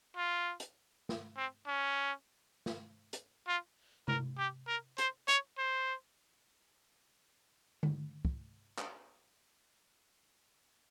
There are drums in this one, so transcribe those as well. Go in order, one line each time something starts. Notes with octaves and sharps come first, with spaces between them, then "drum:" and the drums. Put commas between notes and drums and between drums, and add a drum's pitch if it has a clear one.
F4
drum: hi-hat
drum: snare
C4
C#4
drum: snare
drum: hi-hat
F4
A#4, drum: tom C3
G4
A#4
C5, drum: hi-hat
C#5, drum: hi-hat
C5
drum: tom D3
drum: kick
drum: clap